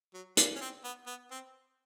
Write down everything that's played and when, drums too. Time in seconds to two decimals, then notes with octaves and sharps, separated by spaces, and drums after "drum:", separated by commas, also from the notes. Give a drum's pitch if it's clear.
0.14 F#3
0.37 G3, drum: hi-hat
0.56 C#4
0.61 C4
0.84 B3
1.07 B3
1.31 C4